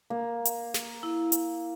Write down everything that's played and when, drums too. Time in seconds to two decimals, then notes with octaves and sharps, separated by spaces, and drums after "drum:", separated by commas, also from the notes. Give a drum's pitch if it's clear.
0.10 A#3
0.45 drum: hi-hat
0.74 drum: snare
1.03 E4
1.32 drum: hi-hat